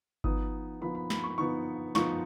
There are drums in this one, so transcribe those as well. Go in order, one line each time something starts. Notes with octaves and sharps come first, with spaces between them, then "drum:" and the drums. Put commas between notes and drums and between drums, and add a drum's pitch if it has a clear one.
F3 B3 D#4 D#6, drum: kick G1
F3 B3 D#4 B5
B5
B5, drum: snare
C#6
F3 B3 D#4 C#6
F3 B3 D#4 C#6, drum: snare